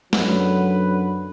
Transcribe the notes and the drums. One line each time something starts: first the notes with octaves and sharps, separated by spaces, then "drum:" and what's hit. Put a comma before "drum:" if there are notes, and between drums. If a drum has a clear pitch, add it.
F#2 D3 F#3 B4, drum: snare